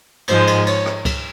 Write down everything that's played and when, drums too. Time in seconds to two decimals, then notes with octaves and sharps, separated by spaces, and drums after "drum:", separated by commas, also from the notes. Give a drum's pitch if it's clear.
0.28 G#2 F3 G#3 C5, drum: cymbal
0.47 drum: cymbal
0.67 C#5, drum: cymbal
0.86 drum: rim click
1.05 drum: kick C#2, cymbal